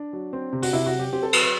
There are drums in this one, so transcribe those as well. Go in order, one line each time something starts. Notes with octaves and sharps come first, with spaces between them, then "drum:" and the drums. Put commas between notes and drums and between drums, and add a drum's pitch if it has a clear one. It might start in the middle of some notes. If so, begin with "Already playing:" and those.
Already playing: D4
F#3
C4
C3
F#4, drum: open hi-hat
C3 E4
F#4
F#3
G4
C4 G4
A4
F#3 B4, drum: cymbal
B4